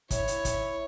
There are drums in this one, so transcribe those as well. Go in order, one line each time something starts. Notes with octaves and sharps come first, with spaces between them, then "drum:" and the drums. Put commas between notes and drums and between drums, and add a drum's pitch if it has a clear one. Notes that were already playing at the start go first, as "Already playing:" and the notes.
E4 C#5, drum: kick, hi-hat
drum: hi-hat
drum: kick, hi-hat